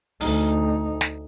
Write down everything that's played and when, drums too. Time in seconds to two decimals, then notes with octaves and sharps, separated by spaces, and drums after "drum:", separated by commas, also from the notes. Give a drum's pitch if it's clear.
0.21 D2 D#4, drum: open hi-hat
1.01 drum: snare